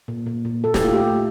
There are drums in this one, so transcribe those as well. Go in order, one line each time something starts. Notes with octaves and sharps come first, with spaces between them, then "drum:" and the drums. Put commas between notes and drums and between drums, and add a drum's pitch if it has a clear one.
A#2
A#2
A#2
A#2 A4
G4, drum: snare
A3 F4
G4
A3